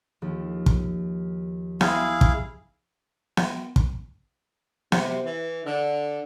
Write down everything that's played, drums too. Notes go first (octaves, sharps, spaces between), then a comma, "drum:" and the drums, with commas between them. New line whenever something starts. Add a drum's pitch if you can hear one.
D#2 F3 A#3
drum: kick
E4 G#4 F5, drum: snare B3
drum: kick
drum: snare B3
drum: kick
C3, drum: snare B3
E3
D3